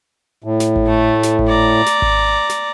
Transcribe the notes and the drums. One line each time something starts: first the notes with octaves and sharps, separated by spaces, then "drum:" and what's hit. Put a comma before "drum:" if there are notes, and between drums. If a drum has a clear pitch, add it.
A2
drum: snare
drum: kick G#1
A3
drum: snare
drum: kick G#1
D5 A#5
drum: snare
drum: kick G#1
drum: snare